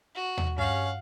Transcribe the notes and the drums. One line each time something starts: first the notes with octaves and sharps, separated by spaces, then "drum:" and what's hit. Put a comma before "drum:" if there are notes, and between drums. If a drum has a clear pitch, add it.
F#4
drum: tom D#2
G2 C#4 F5 F#5